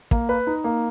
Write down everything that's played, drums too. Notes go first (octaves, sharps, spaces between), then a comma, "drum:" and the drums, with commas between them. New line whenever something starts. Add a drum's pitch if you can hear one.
A#3, drum: kick
B4
D#4
A#3